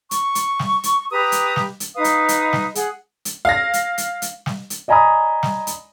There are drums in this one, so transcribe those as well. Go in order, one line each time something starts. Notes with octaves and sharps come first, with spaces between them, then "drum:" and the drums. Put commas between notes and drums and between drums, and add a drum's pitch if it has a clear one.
C#6, drum: hi-hat
drum: hi-hat
drum: snare
drum: hi-hat
G4 B4 A#5 D#6
drum: hi-hat
drum: snare
drum: hi-hat
D#4 B4 F5 D#6
drum: hi-hat
drum: hi-hat
drum: snare
G#4 F#5, drum: hi-hat
drum: hi-hat
F5 A#6
drum: hi-hat
drum: hi-hat
drum: hi-hat
drum: snare
drum: hi-hat
D5 D#5 G#5 A#5 B5 D#6
drum: snare
drum: hi-hat